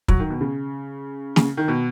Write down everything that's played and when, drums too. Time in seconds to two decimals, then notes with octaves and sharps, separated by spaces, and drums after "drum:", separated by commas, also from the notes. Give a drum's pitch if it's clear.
0.08 F#3, drum: kick
0.20 D#3
0.30 B2
0.41 C#3
1.36 C#3, drum: snare
1.57 D#3
1.68 B2